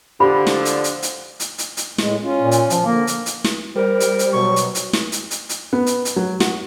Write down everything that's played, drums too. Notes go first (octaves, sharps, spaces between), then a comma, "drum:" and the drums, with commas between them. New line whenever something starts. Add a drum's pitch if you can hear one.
D3 F3 G4 B5
drum: snare
drum: hi-hat
drum: hi-hat
drum: hi-hat
drum: hi-hat
drum: hi-hat
drum: hi-hat
A2 G#3, drum: snare
C#4 F4
A#2
drum: hi-hat
F3, drum: hi-hat
D3 A#3
drum: hi-hat
drum: hi-hat
drum: snare
G3 A#4 C5
drum: hi-hat
drum: hi-hat
B2 F#3 C#6
drum: hi-hat
drum: hi-hat
drum: snare
drum: hi-hat
drum: hi-hat
drum: hi-hat
B3
drum: hi-hat
drum: hi-hat
F#3
F#4, drum: snare